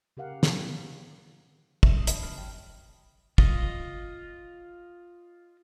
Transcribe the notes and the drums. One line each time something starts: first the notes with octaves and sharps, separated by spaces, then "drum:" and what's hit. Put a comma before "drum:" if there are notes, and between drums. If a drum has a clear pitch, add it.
C#3 G4 A#4 F5 F#5
drum: snare
E5, drum: kick
D4 D#6 C7
F#4 A5 B5, drum: hi-hat
B1 F2 F6
G2 G5 A5
F4 D#5, drum: kick